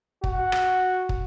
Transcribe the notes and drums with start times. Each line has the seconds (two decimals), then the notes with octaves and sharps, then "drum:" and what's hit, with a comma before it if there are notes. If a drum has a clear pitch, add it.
0.24 F#4, drum: kick
0.52 drum: rim click
1.09 drum: kick